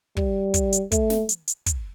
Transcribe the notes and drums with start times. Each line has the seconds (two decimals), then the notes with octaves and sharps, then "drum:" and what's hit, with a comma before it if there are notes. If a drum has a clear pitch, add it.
0.17 G3, drum: kick
0.54 drum: kick, hi-hat
0.73 drum: hi-hat
0.92 A3, drum: kick, hi-hat
1.10 drum: snare
1.29 drum: hi-hat
1.48 drum: hi-hat
1.66 drum: kick, hi-hat